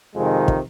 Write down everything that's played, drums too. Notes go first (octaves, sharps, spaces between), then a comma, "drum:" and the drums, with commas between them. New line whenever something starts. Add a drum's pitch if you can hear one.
F2 C3 D#3 G#3
drum: kick